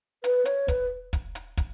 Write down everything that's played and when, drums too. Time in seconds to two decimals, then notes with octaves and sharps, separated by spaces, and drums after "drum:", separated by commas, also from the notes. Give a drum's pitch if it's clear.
0.24 B4, drum: hi-hat
0.45 C#5, drum: hi-hat
0.68 B4, drum: kick, hi-hat
1.13 drum: kick, hi-hat
1.35 drum: hi-hat
1.57 drum: kick, hi-hat